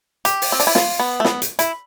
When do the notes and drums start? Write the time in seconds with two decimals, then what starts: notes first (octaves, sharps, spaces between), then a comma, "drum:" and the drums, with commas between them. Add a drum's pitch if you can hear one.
0.25 G4, drum: hi-hat
0.42 drum: open hi-hat
0.52 C4
0.60 D4, drum: open hi-hat
0.67 E4
0.75 F4, drum: snare
1.00 B3
1.20 A3
1.25 B3, drum: snare
1.42 drum: hi-hat
1.59 E4, drum: hi-hat